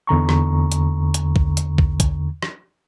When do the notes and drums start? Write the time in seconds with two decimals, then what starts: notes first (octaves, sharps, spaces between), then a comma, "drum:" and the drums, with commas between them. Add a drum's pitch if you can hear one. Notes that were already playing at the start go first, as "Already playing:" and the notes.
0.07 E2 D3 A#5 C#6
0.29 drum: rim click
0.72 drum: hi-hat
1.14 drum: hi-hat
1.36 drum: kick
1.57 drum: hi-hat
1.78 drum: kick
2.00 drum: kick, hi-hat
2.42 drum: rim click